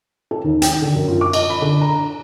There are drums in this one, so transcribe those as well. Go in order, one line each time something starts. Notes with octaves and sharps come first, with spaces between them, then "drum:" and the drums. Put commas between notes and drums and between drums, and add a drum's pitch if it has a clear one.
A4
D#2
G5, drum: hi-hat
D3
F#2
F4
D6
D#5, drum: cymbal
B5
D3
A#5